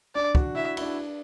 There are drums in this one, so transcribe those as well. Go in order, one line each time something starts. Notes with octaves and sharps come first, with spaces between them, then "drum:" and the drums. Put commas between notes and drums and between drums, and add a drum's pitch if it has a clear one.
D4 D5
F#4, drum: kick
E4 E5
E4, drum: cymbal
D4